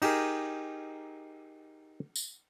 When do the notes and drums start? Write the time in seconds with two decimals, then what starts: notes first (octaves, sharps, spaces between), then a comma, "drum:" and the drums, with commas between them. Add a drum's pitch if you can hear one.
0.02 D#4 G4 G#4 A#4, drum: cymbal
2.16 drum: tambourine